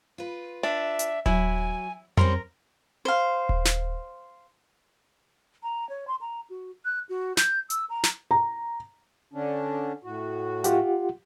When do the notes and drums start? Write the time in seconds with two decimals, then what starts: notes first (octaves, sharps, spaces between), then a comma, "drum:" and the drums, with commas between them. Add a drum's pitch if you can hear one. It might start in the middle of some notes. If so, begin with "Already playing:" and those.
0.18 F4 B4
0.63 D4 E5
0.99 drum: hi-hat
1.26 F#3 E4 G#5, drum: kick D#1
2.17 G3 C4 C#4 A#4 C6, drum: tom F2
3.05 C5 F5
3.49 drum: kick D#1
3.65 drum: snare
5.63 A#5
5.89 C#5
6.08 C6
6.21 A#5
6.50 F#4
6.85 F#6
7.09 F#4
7.37 G6, drum: snare
7.70 E6, drum: hi-hat
7.90 A#5
8.03 drum: snare
8.31 A#5
9.33 D3 C#4 D4
10.04 A2 F#4
10.64 F4 G4 F#5, drum: hi-hat